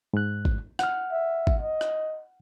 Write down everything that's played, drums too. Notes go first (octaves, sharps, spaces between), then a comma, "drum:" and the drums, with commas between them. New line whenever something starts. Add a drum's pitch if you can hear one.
G#2 F#6
drum: kick
F#5 F6, drum: rim click
E5
drum: kick
D#5
drum: rim click